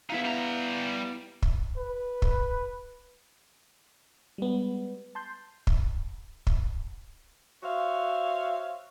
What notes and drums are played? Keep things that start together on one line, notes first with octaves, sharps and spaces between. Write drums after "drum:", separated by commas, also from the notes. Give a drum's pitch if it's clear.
B3 D#4 E4 E5 F5
G3 A#5
drum: kick
B4
drum: kick
G3 G#3 B3
A5 C6 G6
drum: kick
drum: kick
F#4 C5 C#5 E5 F5